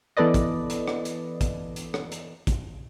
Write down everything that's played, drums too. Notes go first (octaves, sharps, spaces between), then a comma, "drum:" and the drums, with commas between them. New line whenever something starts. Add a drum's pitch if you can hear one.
E3 B3 A4 B4 D5 D#5
drum: kick, hi-hat
drum: hi-hat
drum: rim click
drum: hi-hat
drum: kick, hi-hat
drum: hi-hat
drum: rim click
drum: hi-hat
drum: kick, hi-hat